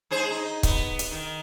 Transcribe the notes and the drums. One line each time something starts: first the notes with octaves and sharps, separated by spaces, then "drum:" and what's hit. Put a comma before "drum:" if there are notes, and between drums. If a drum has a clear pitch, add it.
G#2 G#4 C5
D#4
B3, drum: kick, hi-hat
drum: hi-hat
D#3